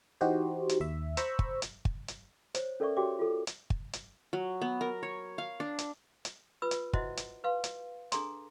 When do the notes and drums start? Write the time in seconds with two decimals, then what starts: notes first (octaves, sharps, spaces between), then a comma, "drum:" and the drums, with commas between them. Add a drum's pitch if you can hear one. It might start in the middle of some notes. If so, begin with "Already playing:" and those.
0.21 E3 D#4 F#4 G4 C5
0.69 drum: hi-hat
0.80 D#2 E5
1.17 C5 A#5 B5 C#6 E6, drum: hi-hat
1.39 drum: kick
1.62 drum: hi-hat
1.85 drum: kick
2.08 drum: hi-hat
2.55 C5 C#5, drum: hi-hat
2.80 C#4 A4 A#4 D5 E5 C#6
2.97 F#4 G4 C#5 E5 G5 D6
3.19 F4 A4
3.47 drum: hi-hat
3.70 drum: kick
3.93 drum: hi-hat
4.33 F#3
4.61 B3
4.81 A#4
5.03 C#5
5.38 F5
5.60 D4
5.79 drum: hi-hat
6.25 drum: hi-hat
6.62 F4 B4 E6
6.71 drum: hi-hat
6.93 E4 F#4 C5 D#5 E5 F#5, drum: kick
7.17 drum: hi-hat
7.44 B4 F5 C6
7.64 drum: hi-hat
8.12 D4 G#4 A4 A#5 C6, drum: hi-hat